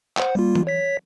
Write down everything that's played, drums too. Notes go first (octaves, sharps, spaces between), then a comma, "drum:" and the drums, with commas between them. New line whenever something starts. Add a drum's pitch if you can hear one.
C5 F#5, drum: clap
G3 A#3 F4
drum: tom E3
C#5 B6